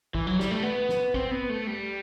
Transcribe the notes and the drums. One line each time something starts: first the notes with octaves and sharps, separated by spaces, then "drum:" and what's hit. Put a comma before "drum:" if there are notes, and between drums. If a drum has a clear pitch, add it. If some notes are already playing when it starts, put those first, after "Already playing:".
E3, drum: kick
F#3
G3, drum: snare
A3
B3
drum: snare
C4, drum: kick
B3
A3
G3